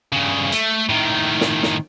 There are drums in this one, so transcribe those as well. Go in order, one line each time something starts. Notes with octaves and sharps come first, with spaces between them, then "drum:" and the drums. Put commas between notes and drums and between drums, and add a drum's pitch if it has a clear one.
G2 C#3
A3, drum: hi-hat
A2 D#3
drum: snare
drum: snare